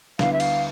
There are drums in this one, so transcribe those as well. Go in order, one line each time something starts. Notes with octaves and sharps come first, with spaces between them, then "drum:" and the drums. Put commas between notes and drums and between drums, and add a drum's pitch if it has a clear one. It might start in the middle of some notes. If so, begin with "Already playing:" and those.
D2 D3 G3 B3 E4 F5, drum: snare
E5
F5, drum: cymbal